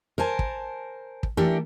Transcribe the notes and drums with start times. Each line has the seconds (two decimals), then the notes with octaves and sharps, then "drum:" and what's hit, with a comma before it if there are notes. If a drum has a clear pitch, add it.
0.18 A#4 C5 G#5 A5
0.39 drum: kick
1.23 drum: kick
1.37 E3 A3 D4 G4 A#4